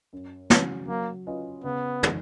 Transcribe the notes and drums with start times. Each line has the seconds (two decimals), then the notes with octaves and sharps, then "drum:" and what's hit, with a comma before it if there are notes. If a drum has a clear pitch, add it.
0.13 F#2
0.50 C#3 F#3 C#4, drum: snare
0.88 F#3 A#3
1.27 C#4 F4 B4 D#5
1.64 C#3 B3
2.03 G#3 D#4 A#4, drum: tom